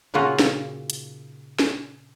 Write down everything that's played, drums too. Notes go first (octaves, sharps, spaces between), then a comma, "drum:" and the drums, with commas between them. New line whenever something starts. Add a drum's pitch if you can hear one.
A#2 C#3 A#3 D#4 F4 F#4
drum: snare
drum: hi-hat
drum: snare